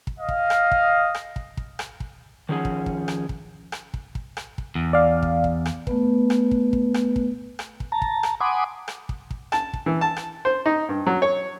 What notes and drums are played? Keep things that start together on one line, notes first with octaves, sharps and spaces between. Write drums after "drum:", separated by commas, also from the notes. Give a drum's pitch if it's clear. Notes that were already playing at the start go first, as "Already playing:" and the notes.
drum: kick
D#5 F5
drum: kick
drum: rim click
drum: kick
drum: rim click
drum: kick
drum: kick
drum: rim click
drum: kick
D#3 F3 C#4 G#4 F#5
drum: kick
drum: kick
drum: rim click
drum: kick
drum: rim click
drum: kick
drum: kick
drum: rim click
drum: kick
E2
D5 F5
drum: kick
drum: kick
drum: rim click
A3 B3 B4, drum: kick
drum: rim click
drum: kick
drum: kick
drum: rim click
drum: kick
drum: rim click
drum: kick
A5 A#5
drum: kick
drum: rim click
F#5 G#5 B5 C6 D6 D#6
drum: rim click
drum: kick
drum: kick
A5, drum: rim click
drum: kick
E3
A5
drum: rim click
C5
D#4
G2
F#3
C#5